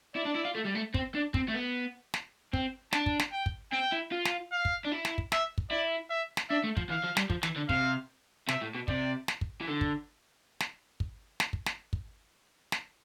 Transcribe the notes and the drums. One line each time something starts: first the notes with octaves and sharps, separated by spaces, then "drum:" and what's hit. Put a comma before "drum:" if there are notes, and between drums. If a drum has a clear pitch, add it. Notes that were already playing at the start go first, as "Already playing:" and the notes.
E4 D5
D4
E4
F4
A3
G3
A3
C4, drum: kick
D4
C4, drum: kick
A3
B3
drum: snare
C4 G5, drum: kick
D4 A5, drum: snare
drum: kick
drum: snare
G5
drum: kick
C4 G5
E4
F4
drum: snare
F5
drum: kick
D4
E4
drum: snare
drum: kick
E5, drum: snare
drum: kick
E4 D5
E5
drum: snare
D4 E5
A3
F3, drum: kick
E3 F5
F3
G3, drum: snare
F3, drum: kick
E3, drum: snare
D3
C3 F5, drum: kick
C3 E5, drum: snare
A2
B2
C3 D5, drum: kick
drum: snare
drum: kick
E3
D3
drum: kick
drum: snare
drum: kick
drum: snare
drum: kick
drum: snare
drum: kick
drum: snare